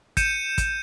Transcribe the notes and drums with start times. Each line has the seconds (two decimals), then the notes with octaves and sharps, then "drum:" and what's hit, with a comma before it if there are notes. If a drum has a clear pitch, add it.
0.17 G6 C#7 D#7 E7, drum: kick, hi-hat
0.58 drum: kick, hi-hat